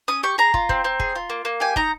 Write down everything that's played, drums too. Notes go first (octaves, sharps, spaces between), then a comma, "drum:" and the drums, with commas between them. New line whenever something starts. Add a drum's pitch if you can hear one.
C#4 D#6
G4 C#6
G#4 A#5
F4, drum: kick
C4, drum: kick
C4
G#4, drum: kick
F4
A#3
A#3
G4 G#5
D#4 A#5, drum: kick